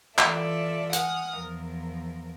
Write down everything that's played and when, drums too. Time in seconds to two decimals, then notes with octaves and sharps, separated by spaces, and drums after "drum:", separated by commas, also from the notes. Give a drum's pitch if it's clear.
0.18 E3 F4 A4 D5 E5, drum: clap
0.93 F#5 G#5 D#6 F6, drum: hi-hat
1.36 E2 F3 A#4